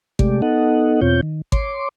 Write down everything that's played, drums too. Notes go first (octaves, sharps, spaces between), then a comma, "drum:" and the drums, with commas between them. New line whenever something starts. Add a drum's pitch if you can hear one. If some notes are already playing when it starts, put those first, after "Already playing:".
C3 G#3 A3 G4 D5, drum: kick G#1
B3 D#4 A4 D#5 F#5
E2 B2 C4 F4 C#5 G6
D#3
C#5 C6 D6, drum: kick G#1